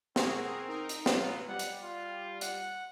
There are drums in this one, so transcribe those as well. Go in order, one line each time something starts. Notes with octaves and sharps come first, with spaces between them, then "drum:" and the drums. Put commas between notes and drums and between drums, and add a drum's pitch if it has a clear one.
C4 F#4 G#4 A#4, drum: snare
D#4 A#4
drum: hi-hat
F#3 B3 F4, drum: snare
G3 F#5
drum: hi-hat
F4
F#5, drum: hi-hat